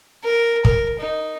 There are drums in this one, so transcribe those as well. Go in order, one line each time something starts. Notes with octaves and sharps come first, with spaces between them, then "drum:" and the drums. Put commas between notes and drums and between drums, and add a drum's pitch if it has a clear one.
A#4
A#4, drum: kick
D#4